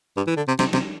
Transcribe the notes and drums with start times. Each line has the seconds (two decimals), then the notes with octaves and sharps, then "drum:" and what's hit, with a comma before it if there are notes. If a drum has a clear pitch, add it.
0.17 G2
0.27 E3
0.37 D3
0.48 C3
0.59 C3, drum: snare
0.73 C3, drum: snare